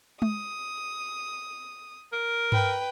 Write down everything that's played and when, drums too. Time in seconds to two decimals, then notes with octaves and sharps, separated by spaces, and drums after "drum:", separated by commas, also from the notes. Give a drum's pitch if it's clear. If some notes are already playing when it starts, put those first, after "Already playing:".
0.22 D#6, drum: tom G#3
2.13 A#4
2.52 B4 G5, drum: tom G2